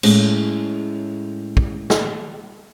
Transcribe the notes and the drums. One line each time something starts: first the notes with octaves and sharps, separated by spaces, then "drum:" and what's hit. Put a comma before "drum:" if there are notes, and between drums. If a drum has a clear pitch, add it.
A2 G#3 C#4, drum: cymbal
drum: kick
drum: snare